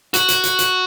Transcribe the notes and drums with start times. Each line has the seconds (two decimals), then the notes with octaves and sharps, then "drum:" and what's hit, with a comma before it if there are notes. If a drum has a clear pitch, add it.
0.14 F#4, drum: hi-hat
0.28 drum: hi-hat
0.44 drum: hi-hat
0.59 drum: hi-hat